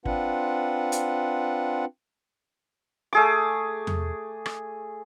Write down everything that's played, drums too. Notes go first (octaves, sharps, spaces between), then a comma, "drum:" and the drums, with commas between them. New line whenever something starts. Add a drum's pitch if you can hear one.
C4 D4 F4 B4 F#5, drum: kick
drum: hi-hat
A3 G#4 D6
drum: tom E2
drum: rim click